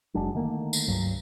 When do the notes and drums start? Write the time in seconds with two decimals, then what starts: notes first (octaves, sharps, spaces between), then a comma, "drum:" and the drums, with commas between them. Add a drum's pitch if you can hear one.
0.14 F#1 F#3 G#3 D4
0.35 D3 D#3 A3 A#3
0.73 drum: tambourine
0.88 C#2 G2 F#3